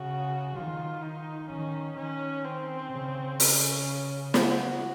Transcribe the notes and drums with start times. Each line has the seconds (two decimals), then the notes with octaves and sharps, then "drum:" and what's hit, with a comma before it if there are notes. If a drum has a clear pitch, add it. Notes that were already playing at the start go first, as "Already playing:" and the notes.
Already playing: C#3 F#4
0.55 D#3 F4
1.03 D#4
1.50 D#3 C#4
1.97 D#3 C#4
2.45 C4
2.92 C#3
3.40 C#4, drum: open hi-hat
4.34 F#4, drum: snare